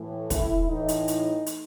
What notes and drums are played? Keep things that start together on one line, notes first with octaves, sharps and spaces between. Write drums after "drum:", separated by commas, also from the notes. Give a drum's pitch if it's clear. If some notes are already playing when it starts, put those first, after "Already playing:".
Already playing: A2 E3
E4, drum: kick, hi-hat
A2 E3 D#4
drum: hi-hat
drum: hi-hat
drum: hi-hat